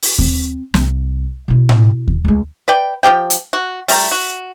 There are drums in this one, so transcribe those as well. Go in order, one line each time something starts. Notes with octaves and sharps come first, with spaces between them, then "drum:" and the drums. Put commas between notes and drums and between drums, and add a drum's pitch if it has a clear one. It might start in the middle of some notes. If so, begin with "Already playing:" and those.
drum: open hi-hat
C4, drum: kick D#2
C2, drum: snare
B2 E4
drum: tom A2
drum: kick D#2
C#2 G#3
B4 D5 G5
F3 D4 G4 G5
drum: hi-hat
F#4
G3 A3 A#5, drum: open hi-hat
F#4